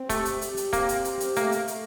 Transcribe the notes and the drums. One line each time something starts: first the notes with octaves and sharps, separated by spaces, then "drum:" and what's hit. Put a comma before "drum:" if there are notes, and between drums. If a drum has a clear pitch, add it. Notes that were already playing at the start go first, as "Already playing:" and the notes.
Already playing: C4
A3 G4, drum: kick, hi-hat
drum: hi-hat
G4, drum: hi-hat
drum: hi-hat
A#3 C4, drum: kick, hi-hat
drum: hi-hat
G4, drum: hi-hat
drum: hi-hat
A3 A#3, drum: hi-hat
drum: hi-hat
A3, drum: hi-hat